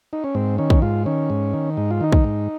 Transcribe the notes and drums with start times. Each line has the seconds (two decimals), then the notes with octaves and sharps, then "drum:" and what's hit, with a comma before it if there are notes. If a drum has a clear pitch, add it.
0.13 D#4
0.24 C#4
0.35 G#2 C4
0.58 D#3 C#4
0.70 drum: kick
0.82 G#2 F4
1.06 D#3 C#4
1.30 G#2
1.53 D#3
1.77 G#2 D#4
1.91 F4
2.01 D#3 D#4
2.12 drum: kick
2.24 G#2